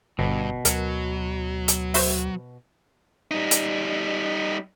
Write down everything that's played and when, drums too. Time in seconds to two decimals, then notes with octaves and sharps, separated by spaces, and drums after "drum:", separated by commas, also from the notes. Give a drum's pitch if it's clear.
0.19 G1 G2 B2
0.65 D2 F#3 A#4, drum: hi-hat
1.68 drum: hi-hat
1.94 F#4 C5 E5, drum: open hi-hat
3.31 G3 D#4
3.51 drum: hi-hat